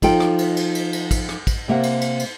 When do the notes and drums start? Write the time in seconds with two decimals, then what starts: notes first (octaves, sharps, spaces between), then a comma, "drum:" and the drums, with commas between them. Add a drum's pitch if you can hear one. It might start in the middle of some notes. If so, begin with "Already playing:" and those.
0.02 F3 D#4 F4 A4 G5, drum: kick, cymbal
0.20 drum: rim click
0.38 drum: cymbal
0.57 drum: cymbal
0.75 drum: cymbal
0.93 drum: cymbal
1.11 drum: kick, cymbal
1.29 drum: rim click
1.47 drum: kick, cymbal
1.68 C3 A#3 E5 F#5
1.83 drum: cymbal
2.01 drum: cymbal
2.19 drum: cymbal